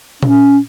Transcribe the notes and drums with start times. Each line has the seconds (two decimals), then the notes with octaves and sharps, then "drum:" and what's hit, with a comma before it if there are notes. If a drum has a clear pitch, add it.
0.23 C#4, drum: tom A#2